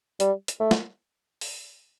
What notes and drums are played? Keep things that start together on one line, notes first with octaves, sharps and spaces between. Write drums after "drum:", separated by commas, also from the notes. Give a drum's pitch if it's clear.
G3, drum: hi-hat
drum: hi-hat
A3
drum: snare
drum: open hi-hat